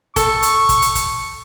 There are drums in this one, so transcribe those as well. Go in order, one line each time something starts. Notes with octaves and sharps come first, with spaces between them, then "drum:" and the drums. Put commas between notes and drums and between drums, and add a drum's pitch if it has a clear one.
A4 C#6, drum: kick, hi-hat
drum: hi-hat
drum: kick, hi-hat
drum: hi-hat
drum: kick, hi-hat